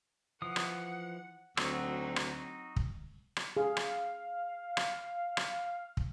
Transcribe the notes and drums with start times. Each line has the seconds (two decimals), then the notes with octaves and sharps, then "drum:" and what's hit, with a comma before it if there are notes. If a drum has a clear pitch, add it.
0.42 E3 F3 F#5 D#6
0.56 drum: rim click
1.57 D2 F#3 C4 D#4 F#4 E6, drum: rim click
2.16 drum: rim click
2.76 drum: kick
3.37 drum: rim click
3.57 G#4 F5
3.77 drum: rim click
4.77 drum: rim click
5.37 drum: rim click
5.97 drum: kick